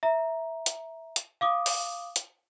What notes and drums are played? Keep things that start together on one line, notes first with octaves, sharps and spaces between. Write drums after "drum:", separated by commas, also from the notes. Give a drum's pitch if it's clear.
E5 A#5
drum: hi-hat
drum: hi-hat
F5 D6 D#6
drum: open hi-hat
drum: hi-hat